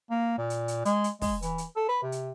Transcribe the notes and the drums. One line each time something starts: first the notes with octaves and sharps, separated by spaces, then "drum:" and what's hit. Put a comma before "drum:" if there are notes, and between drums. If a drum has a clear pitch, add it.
A#3
A#2
drum: hi-hat
drum: hi-hat
G#3, drum: hi-hat
drum: hi-hat
G#3, drum: kick, open hi-hat
E3, drum: hi-hat
drum: hi-hat
A4
B4
C3
drum: hi-hat